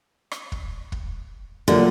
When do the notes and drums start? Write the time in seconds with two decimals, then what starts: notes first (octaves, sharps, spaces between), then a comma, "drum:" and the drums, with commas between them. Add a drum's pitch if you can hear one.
0.31 drum: rim click
0.52 drum: kick
0.92 drum: kick
1.68 A#2 D3 F#3 A#3